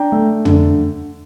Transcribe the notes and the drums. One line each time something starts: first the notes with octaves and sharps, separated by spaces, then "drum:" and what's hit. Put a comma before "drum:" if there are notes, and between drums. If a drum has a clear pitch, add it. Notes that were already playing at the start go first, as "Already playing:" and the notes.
Already playing: D4 G5 A#5
A3
D3, drum: tom